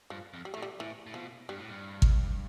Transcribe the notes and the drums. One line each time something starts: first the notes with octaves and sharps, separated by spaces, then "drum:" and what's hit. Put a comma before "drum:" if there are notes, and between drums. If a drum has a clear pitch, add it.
G2 F3
F2
G3
A2 A3
G3
A2 E3
A2
B2 F3
G2 G3
A2
G2
drum: kick